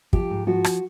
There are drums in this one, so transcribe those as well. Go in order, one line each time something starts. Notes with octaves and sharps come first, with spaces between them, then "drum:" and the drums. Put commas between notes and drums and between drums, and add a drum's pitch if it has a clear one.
F3 G4, drum: kick
G#2
F3 F#4
drum: rim click